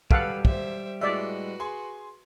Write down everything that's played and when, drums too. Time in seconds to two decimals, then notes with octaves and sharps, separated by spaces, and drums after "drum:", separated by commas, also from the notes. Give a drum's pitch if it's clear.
0.11 E1 G3 G4 A4 B4 F5 F#5, drum: kick
0.45 C5 E5, drum: kick
1.01 A2 G#3 F#4 B4 D5 E5
1.60 G#4 G#5 C6